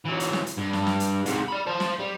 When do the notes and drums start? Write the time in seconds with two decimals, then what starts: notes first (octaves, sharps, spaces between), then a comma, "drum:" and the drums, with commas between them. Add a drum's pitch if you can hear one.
0.05 E3 F#3
0.20 drum: hi-hat
0.33 drum: snare
0.46 drum: hi-hat
0.57 G2
0.73 drum: snare
0.87 drum: snare
1.00 drum: hi-hat
1.26 G#2 C3, drum: hi-hat
1.48 D5 B5
1.67 C5 A5
1.80 drum: snare
2.00 G3